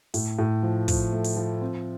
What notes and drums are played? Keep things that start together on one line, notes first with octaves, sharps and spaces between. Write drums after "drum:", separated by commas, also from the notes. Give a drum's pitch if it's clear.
A2, drum: open hi-hat
A2
F3
F3, drum: kick, open hi-hat
A3
drum: open hi-hat
F3
C4